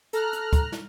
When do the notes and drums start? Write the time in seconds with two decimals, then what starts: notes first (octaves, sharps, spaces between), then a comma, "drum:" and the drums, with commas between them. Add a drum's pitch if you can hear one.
0.13 A4 A#5 F6 F#6, drum: hi-hat
0.33 drum: hi-hat
0.53 drum: kick, hi-hat
0.72 drum: snare